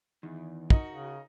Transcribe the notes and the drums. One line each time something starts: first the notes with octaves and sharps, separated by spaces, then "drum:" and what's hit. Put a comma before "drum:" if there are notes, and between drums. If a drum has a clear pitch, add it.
E2 D#3
D#4 F#4 A#4 D#5, drum: kick
C#3